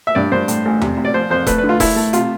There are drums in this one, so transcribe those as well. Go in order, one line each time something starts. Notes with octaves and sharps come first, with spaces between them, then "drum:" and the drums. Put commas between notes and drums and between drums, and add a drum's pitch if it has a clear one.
E5
G2 D5
G2 C5
A2, drum: hi-hat
A1
C3, drum: tom E2
C3
D5
F3 C5
F2 C5
A3 B4, drum: kick E1, hi-hat
B4
D3
F4
A3 E4, drum: kick E1, open hi-hat
A3
C3 F4, drum: hi-hat